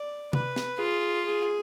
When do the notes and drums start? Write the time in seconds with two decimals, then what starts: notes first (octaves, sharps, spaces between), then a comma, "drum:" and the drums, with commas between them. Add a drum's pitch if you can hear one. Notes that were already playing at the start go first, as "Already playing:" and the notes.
Already playing: D5
0.33 B4, drum: tom C3
0.56 drum: snare
0.79 F4 G#4
1.26 G#4